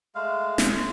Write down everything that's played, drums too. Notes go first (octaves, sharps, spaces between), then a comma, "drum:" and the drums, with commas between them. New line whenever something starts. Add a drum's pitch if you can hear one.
G#3 A3 F5
drum: snare